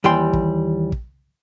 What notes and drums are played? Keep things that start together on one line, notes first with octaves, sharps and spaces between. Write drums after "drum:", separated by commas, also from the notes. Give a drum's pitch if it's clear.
D#2 E3 G3 G5 C6
drum: kick
drum: kick